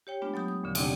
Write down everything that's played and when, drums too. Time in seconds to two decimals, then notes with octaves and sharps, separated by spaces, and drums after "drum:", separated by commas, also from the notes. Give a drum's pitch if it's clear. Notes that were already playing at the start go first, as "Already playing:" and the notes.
0.07 G4 C#5 G5
0.22 G#3 A3 B3 D4 F4
0.34 F#3 B3 D#6 G6
0.48 D#6
0.63 E2 A#2 D3 F3
0.75 C3 C4 D4 G4 F#5 G5, drum: cymbal